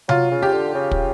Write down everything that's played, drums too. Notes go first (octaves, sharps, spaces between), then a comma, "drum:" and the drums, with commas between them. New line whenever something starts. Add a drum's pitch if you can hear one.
F#3 F4, drum: tom C3
C#3
G4
D3
C#3
drum: kick